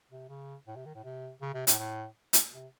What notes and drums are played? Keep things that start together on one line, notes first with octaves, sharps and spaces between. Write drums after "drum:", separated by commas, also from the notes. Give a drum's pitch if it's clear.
C3
C#3
A2
C3
D#3
A2
C3
C#3
C3
A2, drum: hi-hat
A2
drum: hi-hat
C3